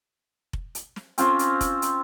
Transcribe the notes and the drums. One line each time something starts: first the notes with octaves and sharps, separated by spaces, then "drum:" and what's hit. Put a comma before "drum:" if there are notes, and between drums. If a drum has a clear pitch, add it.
drum: kick F1
drum: hi-hat
drum: snare
C4 C#4 F4 C5, drum: hi-hat
drum: hi-hat
drum: kick F1, hi-hat
drum: hi-hat